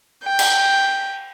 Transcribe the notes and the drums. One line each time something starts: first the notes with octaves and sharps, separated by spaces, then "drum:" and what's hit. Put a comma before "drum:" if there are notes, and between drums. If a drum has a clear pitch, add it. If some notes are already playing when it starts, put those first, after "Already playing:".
G5
drum: cymbal